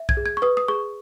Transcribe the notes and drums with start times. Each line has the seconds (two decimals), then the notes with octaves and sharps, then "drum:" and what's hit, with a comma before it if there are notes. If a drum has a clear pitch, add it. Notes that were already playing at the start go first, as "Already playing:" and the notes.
Already playing: E5
0.09 G#6, drum: kick B1
0.17 G#4
0.26 G#6
0.37 C#6
0.42 B4 D#6
0.57 D#6
0.68 G#4 C#6